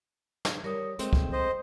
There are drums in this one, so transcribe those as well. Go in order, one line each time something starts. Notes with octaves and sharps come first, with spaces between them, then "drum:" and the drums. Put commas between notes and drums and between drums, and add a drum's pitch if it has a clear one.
drum: snare
G3 A#4 C#5 D#6
G#3 A3 C4 C6, drum: hi-hat
drum: kick
C5 D#5